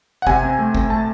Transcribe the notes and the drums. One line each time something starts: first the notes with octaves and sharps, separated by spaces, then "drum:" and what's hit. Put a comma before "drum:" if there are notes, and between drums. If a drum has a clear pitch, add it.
F#5
C3 G#5, drum: kick G#1
C4
A3
C4, drum: kick G#1
A3 A5